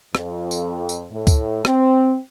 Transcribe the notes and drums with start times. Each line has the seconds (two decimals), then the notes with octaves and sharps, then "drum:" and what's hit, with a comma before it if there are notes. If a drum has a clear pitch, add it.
0.15 F2, drum: rim click
0.51 drum: tambourine
0.89 drum: tambourine
1.12 A2
1.27 drum: kick C#2, tambourine
1.65 C4, drum: rim click